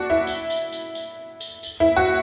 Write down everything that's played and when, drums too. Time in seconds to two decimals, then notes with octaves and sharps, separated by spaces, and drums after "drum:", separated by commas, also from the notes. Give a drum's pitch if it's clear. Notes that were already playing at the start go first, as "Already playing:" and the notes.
Already playing: D4 F#4
0.10 E4
0.27 drum: tambourine
0.50 drum: tambourine
0.72 drum: tambourine
0.95 drum: tambourine
1.40 drum: tambourine
1.63 drum: tambourine
1.80 E4
1.96 F#4